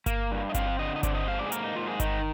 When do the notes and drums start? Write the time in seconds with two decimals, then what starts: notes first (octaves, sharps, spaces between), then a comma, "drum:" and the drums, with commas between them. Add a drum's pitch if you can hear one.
0.06 A#3, drum: kick G1, hi-hat
0.31 G2
0.49 D#5
0.54 C4 F5, drum: kick G1, hi-hat
0.79 D3 D#5
0.96 D#5
1.03 C4 D5, drum: kick G1, hi-hat
1.15 D#5
1.27 G#2 F5
1.39 D5
1.46 G#4
1.52 A#3 A#4, drum: hi-hat
1.64 D#4
1.75 G#2 F4
1.87 G#4
2.00 D#3 D#4, drum: kick G1, hi-hat